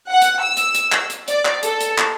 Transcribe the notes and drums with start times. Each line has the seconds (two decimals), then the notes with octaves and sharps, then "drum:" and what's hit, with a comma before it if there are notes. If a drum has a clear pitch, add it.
0.10 F#5
0.22 drum: hi-hat
0.43 E6
0.57 drum: hi-hat
0.75 drum: hi-hat
0.92 drum: clap
1.10 drum: hi-hat
1.28 D5, drum: hi-hat
1.45 drum: clap
1.63 A4, drum: hi-hat
1.80 drum: hi-hat
1.98 drum: clap